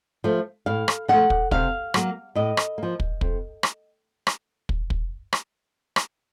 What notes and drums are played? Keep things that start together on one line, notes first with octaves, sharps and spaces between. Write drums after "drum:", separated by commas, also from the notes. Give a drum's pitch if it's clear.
F3 A3
A2 F5
drum: rim click
F3 A3 F#5
drum: kick
C3 F5, drum: kick
F#3 A#3, drum: rim click
A2 D#5
drum: rim click
F3 A#3
drum: kick
F2, drum: kick
drum: rim click
drum: rim click
drum: kick
drum: kick
drum: rim click
drum: rim click